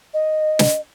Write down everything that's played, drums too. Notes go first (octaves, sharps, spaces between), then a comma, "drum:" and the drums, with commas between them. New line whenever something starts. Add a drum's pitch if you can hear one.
D#5
drum: snare